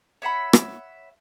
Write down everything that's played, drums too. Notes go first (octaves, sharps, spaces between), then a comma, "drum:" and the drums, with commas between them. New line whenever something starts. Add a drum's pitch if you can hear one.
C#5 E5 F#5 B5
drum: rim click